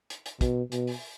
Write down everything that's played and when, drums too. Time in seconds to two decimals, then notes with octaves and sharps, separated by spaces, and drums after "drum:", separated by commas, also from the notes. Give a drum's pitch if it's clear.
0.10 drum: hi-hat
0.26 drum: hi-hat
0.41 B2, drum: kick, hi-hat
0.72 B2, drum: hi-hat
0.87 drum: open hi-hat